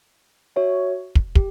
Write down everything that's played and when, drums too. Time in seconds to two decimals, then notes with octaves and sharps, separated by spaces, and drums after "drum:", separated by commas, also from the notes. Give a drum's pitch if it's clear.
0.56 F#4 C#5 E5
1.15 drum: kick
1.35 G4, drum: kick